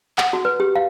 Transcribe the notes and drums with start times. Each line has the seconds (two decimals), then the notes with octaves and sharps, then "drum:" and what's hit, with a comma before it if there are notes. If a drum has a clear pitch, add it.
0.18 F#5, drum: clap
0.33 F#4
0.45 B4
0.60 G4
0.76 F5